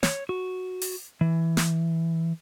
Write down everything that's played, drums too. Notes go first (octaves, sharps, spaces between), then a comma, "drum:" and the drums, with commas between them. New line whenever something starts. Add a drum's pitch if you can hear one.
C#5, drum: snare
F#4
drum: open hi-hat
E3
drum: snare